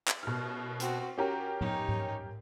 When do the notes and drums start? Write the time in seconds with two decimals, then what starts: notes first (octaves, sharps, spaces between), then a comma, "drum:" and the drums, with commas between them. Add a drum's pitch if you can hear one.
0.08 drum: clap
0.23 B2 F6, drum: cymbal
0.80 C4 F#4, drum: hi-hat
1.18 C#4 F#4 G4 A#4
1.61 D#4 C#5, drum: tom
1.88 drum: tom G#2